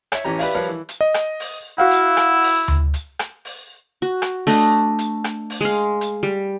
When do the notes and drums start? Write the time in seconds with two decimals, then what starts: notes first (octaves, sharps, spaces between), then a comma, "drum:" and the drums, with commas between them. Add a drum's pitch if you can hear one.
0.12 C#5 E5, drum: rim click
0.24 A1 E3 C#4 G4 A#5
0.39 G4 B4 D5 E5 F5, drum: open hi-hat
0.55 F3 G3 A#4 B4 C#5 F5
0.69 E3
0.89 drum: hi-hat
1.01 D#5
1.14 drum: rim click
1.40 drum: open hi-hat
1.78 E4 F#4 F5 F#5
1.91 drum: hi-hat
2.17 drum: rim click
2.42 drum: open hi-hat
2.68 drum: tom D2
2.94 drum: hi-hat
3.19 drum: rim click
3.45 drum: open hi-hat
4.02 F#4
4.22 drum: rim click
4.47 A3 D4 D#5, drum: open hi-hat
4.99 drum: hi-hat
5.24 drum: rim click
5.50 drum: open hi-hat
5.61 G#3 F5
6.01 drum: hi-hat
6.23 G3